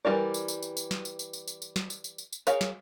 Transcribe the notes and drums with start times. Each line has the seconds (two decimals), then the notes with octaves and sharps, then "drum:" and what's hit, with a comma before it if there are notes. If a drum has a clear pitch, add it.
0.05 E3 G3 F#4 A#4 D5
0.34 drum: tambourine
0.48 drum: tambourine
0.63 drum: tambourine
0.77 drum: tambourine
0.91 drum: snare
1.05 drum: tambourine
1.19 drum: tambourine
1.33 drum: tambourine
1.48 drum: tambourine
1.62 drum: tambourine
1.76 drum: snare
1.90 drum: tambourine
2.04 drum: tambourine
2.18 drum: tambourine
2.33 drum: tambourine
2.47 G#4 A#4 C#5 F5, drum: tambourine
2.61 drum: snare